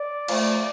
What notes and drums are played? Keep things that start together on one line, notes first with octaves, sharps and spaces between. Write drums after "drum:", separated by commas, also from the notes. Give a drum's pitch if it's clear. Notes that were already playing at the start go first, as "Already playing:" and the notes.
Already playing: D5
F3 A3, drum: cymbal